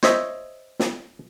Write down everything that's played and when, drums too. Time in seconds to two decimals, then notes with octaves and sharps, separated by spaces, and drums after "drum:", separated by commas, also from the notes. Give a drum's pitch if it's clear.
0.03 C5 C#5 D#5 E5, drum: snare
0.79 drum: snare